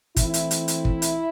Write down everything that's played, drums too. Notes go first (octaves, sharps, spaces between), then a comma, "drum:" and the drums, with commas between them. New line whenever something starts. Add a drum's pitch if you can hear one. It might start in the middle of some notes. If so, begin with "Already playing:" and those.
E3 A3 C4 E4, drum: kick, hi-hat
drum: hi-hat
drum: hi-hat
drum: hi-hat
drum: kick
drum: hi-hat